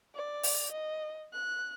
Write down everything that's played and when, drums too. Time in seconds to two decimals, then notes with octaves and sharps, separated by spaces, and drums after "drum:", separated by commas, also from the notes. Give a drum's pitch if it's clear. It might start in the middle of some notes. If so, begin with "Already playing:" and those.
0.15 D5
0.43 drum: open hi-hat
0.71 D#5
1.33 F#6